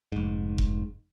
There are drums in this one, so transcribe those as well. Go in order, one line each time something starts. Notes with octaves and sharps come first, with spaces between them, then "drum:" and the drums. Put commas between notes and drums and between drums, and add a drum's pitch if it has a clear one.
F1 G#2
drum: kick F1